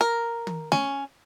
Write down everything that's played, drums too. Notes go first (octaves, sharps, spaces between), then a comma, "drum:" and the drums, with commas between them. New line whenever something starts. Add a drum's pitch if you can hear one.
A#4
drum: tom
C#4, drum: snare A3